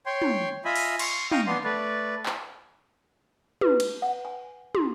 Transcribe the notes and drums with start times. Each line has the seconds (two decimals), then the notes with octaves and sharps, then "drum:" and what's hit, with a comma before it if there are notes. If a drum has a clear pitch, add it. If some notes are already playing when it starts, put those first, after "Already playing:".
0.06 C#5 G5 C6
0.22 drum: tom
0.65 F4 D#5 E5 G#5 B5
0.76 drum: open hi-hat
0.99 C6 C#6, drum: cymbal
1.32 D#5 F5 G5 C#6 D#6, drum: tom
1.47 B3 D4 C6
1.64 A3 B4 D5
2.26 drum: clap
3.61 B4, drum: tom
3.80 drum: cymbal
4.02 F#5
4.25 G#5
4.75 C6, drum: tom